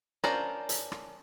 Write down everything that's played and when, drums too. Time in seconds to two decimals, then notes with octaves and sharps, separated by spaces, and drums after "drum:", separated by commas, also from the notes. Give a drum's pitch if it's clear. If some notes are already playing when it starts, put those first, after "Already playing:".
0.24 C#4 D4 F4 A#4 C5, drum: rim click
0.69 drum: hi-hat
0.92 drum: rim click